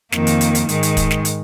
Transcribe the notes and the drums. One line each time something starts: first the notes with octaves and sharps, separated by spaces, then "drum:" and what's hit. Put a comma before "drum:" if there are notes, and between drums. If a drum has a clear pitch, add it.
F2 D#3 A#3, drum: snare
drum: hi-hat
drum: hi-hat
drum: hi-hat
G#2 D#3 G#3, drum: hi-hat
drum: hi-hat
drum: kick, hi-hat
drum: snare
drum: hi-hat